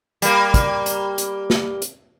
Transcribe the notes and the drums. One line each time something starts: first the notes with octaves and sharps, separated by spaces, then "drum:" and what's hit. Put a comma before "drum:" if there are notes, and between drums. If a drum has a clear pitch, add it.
G3 A#3, drum: hi-hat
drum: kick, hi-hat
drum: hi-hat
drum: hi-hat
drum: snare
drum: hi-hat